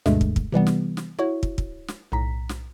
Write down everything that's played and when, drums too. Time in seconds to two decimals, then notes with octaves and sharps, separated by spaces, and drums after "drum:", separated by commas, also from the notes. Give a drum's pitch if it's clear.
0.06 D2 G2 B2 D3 G#3 A3, drum: snare
0.21 drum: kick
0.36 drum: kick
0.52 C3 E3 G3 B3
0.67 drum: snare
0.97 drum: snare
1.19 E4 F#4 C#5
1.43 drum: kick
1.58 drum: kick
1.88 drum: snare
2.12 B1 A2 A#5 B6
2.49 drum: snare